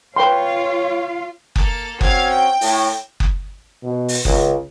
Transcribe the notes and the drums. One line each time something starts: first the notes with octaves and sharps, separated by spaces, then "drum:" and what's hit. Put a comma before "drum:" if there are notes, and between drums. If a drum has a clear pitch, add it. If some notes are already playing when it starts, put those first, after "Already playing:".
F4 B4 C#5 F5 G5 C6
A#3 A4, drum: kick F#1
C4 C#4 F#4 F5 G#6, drum: kick F#1
G5
A2, drum: open hi-hat
drum: kick F#1
B2
drum: open hi-hat
C#2, drum: kick F#1